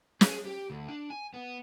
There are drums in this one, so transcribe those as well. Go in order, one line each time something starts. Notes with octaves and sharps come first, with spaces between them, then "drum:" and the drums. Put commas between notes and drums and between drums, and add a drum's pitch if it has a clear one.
G#4, drum: snare
G4
D2
D4
G#5
B3